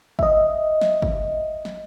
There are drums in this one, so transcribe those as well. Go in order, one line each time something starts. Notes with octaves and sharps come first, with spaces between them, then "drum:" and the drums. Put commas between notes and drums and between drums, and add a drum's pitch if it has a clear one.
D#5 E5, drum: kick
drum: snare
drum: kick
drum: snare